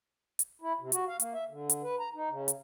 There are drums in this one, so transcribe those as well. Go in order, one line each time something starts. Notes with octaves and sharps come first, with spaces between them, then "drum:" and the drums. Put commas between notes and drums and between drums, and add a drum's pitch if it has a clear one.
drum: hi-hat
E4
C3
F#4, drum: hi-hat
F5
A#3, drum: hi-hat
E5
D3
drum: hi-hat
B4
A#5
D#4
C#3
drum: hi-hat